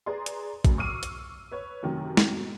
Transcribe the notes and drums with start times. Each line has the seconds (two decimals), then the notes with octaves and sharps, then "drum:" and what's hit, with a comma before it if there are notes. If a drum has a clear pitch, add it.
0.06 G#4 B4 D5 A#5 C6
0.26 drum: hi-hat
0.65 F#2 A2, drum: kick, hi-hat
0.78 C#6 D6 E6 F6 C7 D#7
1.03 drum: hi-hat
1.52 B4 C#5
1.83 F#2 C3 D#3 F#3 A3
2.17 drum: snare
2.33 G#2 B2